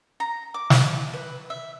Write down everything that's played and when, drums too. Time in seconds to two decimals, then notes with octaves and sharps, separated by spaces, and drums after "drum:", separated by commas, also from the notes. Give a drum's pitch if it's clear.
0.20 A#5
0.54 D6
0.70 drum: snare
1.13 B4
1.50 E5